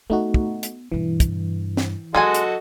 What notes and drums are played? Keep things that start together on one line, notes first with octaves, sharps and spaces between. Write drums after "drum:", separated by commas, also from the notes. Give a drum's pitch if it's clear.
A3 B3 D#4 F#4
drum: kick
drum: hi-hat
G2 B2 E3
drum: kick, hi-hat
drum: snare
F#3 G#3 F#4 G#4 A4 D#5 G#5
drum: hi-hat